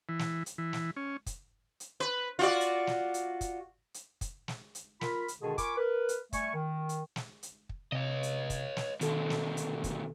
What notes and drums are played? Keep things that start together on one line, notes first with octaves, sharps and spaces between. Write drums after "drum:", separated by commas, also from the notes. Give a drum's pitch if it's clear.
E3
drum: snare
drum: hi-hat
E3
drum: snare
C#4
drum: kick, hi-hat
drum: hi-hat
B4
F4 F#4 D5
drum: hi-hat
drum: snare
drum: hi-hat
drum: kick, hi-hat
drum: hi-hat
drum: kick, hi-hat
drum: snare
drum: hi-hat
F4 A#4 B5, drum: snare
drum: hi-hat
B2 D3 D#3 G#3 D4 G#4
F4 A#4 G#5 B5 C#6 D6, drum: kick, hi-hat
A#4 B4
drum: hi-hat
G3 A3 G#5 C#6, drum: kick, hi-hat
D#3
drum: hi-hat
drum: snare
drum: hi-hat
drum: kick
C3 C#5 D#5
drum: hi-hat
drum: kick, hi-hat
drum: snare
B2 D3 D#3 A4, drum: hi-hat
drum: snare
drum: hi-hat
drum: kick, hi-hat